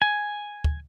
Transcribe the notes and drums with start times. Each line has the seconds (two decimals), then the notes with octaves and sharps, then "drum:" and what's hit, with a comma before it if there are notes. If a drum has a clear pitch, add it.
0.02 G#5
0.64 drum: kick